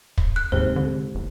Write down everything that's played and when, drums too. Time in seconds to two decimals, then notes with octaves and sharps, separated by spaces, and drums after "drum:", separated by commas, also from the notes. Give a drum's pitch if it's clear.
0.18 drum: kick
0.36 F#6
0.52 D#2 G#2 C3 C5
0.76 D3
1.15 F#1